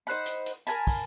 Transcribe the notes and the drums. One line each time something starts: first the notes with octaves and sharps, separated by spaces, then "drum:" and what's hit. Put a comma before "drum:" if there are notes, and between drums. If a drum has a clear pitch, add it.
D#4 C5 F#5 B5
drum: hi-hat
drum: hi-hat
A#4 G#5 A5 B5, drum: hi-hat
drum: kick, open hi-hat